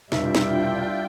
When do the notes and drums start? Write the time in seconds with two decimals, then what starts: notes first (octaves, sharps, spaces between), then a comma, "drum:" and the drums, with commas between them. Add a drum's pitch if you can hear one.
0.12 F1 B1 G3 D4 E4 F4 E5 G5, drum: snare
0.35 drum: snare